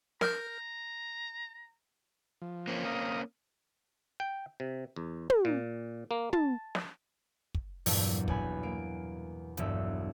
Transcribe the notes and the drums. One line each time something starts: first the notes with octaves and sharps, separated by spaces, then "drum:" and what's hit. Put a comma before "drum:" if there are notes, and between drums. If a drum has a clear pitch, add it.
A#4 A#5 F6 G6, drum: snare
F3
A#3 C4 C#4
F5 A#5 D#6
G5
C3
E2
drum: tom
A#2
A#3
A5, drum: tom
drum: snare
drum: kick
E2 G2 A#2 F#3 G3, drum: open hi-hat
B1 B3 G#5 B5, drum: kick
A#3 D7
E1 B1 G2 E5, drum: hi-hat